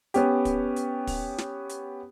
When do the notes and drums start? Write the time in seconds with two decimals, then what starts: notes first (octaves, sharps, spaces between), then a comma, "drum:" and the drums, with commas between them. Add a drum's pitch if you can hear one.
0.14 B3 C#4 G4, drum: hi-hat
0.45 drum: kick, hi-hat
0.76 drum: hi-hat
1.07 drum: kick, open hi-hat
1.38 drum: snare
1.69 drum: hi-hat